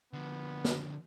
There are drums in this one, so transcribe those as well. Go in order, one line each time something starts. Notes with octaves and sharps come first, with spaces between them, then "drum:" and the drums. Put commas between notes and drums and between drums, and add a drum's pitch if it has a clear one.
D3 F3 B3
drum: snare